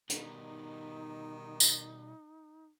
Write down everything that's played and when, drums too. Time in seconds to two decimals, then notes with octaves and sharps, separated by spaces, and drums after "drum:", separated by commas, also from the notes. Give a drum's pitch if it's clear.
0.10 B2 D#3 G3 D#4, drum: hi-hat
1.60 drum: tambourine